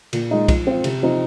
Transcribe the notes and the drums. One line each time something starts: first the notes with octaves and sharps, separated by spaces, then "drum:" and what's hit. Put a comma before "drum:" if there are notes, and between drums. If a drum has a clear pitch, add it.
A#2, drum: cymbal
G#3 D#4
F3, drum: kick, cymbal
C4 F4
C3, drum: cymbal
F3 C4 D#4